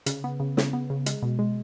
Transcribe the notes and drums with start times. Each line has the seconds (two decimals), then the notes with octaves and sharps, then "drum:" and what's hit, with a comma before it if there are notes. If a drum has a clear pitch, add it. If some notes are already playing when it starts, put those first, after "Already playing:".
0.06 C#3, drum: hi-hat
0.24 B3
0.40 C#3
0.57 C#3, drum: snare
0.73 B3
0.90 C#3
1.06 G#3, drum: hi-hat
1.22 B2
1.39 G#3